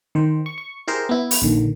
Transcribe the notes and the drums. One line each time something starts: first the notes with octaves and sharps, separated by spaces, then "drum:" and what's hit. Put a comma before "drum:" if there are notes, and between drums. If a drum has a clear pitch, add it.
D#3 C5
C#6
C#6
E4 G4 G#4 A#4 C5
B3 E4
drum: open hi-hat
A#1 D3 D#3